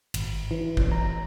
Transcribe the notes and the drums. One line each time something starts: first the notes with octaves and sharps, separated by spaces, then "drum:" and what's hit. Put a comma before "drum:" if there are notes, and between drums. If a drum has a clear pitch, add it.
G#1, drum: cymbal
E3
drum: kick
A#5